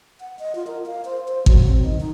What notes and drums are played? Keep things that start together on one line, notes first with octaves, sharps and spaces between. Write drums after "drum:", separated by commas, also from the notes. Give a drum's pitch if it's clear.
F#5
D#5
F4
A#4
F5
C5
C5
F#3, drum: kick
C4
D#3
D#4